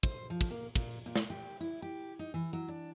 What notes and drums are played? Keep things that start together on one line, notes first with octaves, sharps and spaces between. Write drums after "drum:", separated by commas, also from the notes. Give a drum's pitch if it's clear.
C5, drum: kick
F3
drum: kick, cymbal
A#3
A#2, drum: kick, cymbal
A#2
drum: snare
G4
E4
G4
D#4
E3
F#3
D4